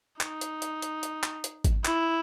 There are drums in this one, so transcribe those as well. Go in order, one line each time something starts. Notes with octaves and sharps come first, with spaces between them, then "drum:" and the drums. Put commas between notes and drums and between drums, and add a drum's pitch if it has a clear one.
D#4, drum: clap
drum: hi-hat
drum: hi-hat
drum: hi-hat
drum: hi-hat
drum: clap
drum: hi-hat
drum: kick G#1, hi-hat
E4, drum: clap